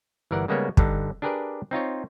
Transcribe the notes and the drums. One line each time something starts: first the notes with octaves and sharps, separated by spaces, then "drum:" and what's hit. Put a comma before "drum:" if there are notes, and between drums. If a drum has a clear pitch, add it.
G1 E3 A#4 D5 F#5
C#3 G3 G#3 A#3 B3 C#5
G2 D3 D#4, drum: kick
D4 G4 G#4 A#4 B4 D5
C4 D#4 F4 C#5